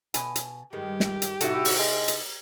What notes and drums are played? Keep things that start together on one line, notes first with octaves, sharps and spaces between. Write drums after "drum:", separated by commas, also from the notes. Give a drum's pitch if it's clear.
B2 G#5, drum: hi-hat
drum: hi-hat
G2 D#3 G#3 G4 G#4
drum: snare
drum: hi-hat
A2 C3 D#4 E4 F#4 A4, drum: hi-hat
drum: open hi-hat
G#3 B3
drum: hi-hat